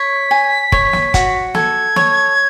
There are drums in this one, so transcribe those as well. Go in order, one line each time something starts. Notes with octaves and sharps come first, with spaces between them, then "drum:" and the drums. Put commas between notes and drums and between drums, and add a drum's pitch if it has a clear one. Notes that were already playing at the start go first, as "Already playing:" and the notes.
Already playing: C#5 B6
G#5
C#5, drum: kick
drum: snare
F#4, drum: kick, hi-hat
A4 G#6, drum: snare
C#5, drum: snare